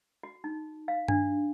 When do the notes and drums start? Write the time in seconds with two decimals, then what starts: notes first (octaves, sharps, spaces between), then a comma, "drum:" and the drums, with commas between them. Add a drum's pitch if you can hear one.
0.23 F#4
0.44 D#4
0.88 F5
1.08 D4, drum: tom G2